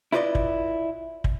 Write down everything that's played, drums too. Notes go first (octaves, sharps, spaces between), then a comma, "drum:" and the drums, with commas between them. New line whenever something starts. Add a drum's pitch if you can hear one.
E4 F4 B4 C5 D5 D#5
drum: kick
drum: kick